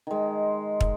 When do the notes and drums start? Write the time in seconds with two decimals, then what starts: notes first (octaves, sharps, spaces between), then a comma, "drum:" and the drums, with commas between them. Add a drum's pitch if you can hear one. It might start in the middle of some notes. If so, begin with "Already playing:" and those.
0.07 D#3 G#3
0.81 drum: kick